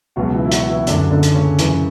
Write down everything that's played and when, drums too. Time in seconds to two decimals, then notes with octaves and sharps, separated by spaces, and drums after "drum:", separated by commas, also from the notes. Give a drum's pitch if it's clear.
0.16 C#2 B2 F#3 F#4
0.34 E3 E4
0.45 E4
0.52 F#3 F#4, drum: hi-hat
0.69 E3 E4
0.87 F#2 D3 F#3 D4, drum: hi-hat
1.11 D3 D4
1.23 drum: hi-hat
1.34 C#3 C#4
1.59 F#2 E3, drum: hi-hat